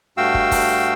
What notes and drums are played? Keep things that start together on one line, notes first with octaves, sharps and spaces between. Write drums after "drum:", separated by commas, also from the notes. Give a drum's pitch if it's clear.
G2 A3 F#4 F5 G5 E6
drum: kick
drum: kick, open hi-hat